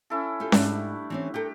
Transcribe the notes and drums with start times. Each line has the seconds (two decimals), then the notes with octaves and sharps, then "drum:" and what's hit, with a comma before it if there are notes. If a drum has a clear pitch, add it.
0.10 C#4 E4 A4
0.40 F4 G4 A4
0.52 G#2 G3 A3 D4 E5, drum: snare C#4
1.10 E3 C4 C#4
1.34 G4 A4 A#4 G5